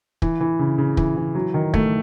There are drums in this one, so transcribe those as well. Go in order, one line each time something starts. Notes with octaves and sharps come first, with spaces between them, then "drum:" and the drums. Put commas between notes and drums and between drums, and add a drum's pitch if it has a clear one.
E3, drum: kick
E3
C#3
C#3
E3, drum: kick
E3
F#3
D#3
A3, drum: kick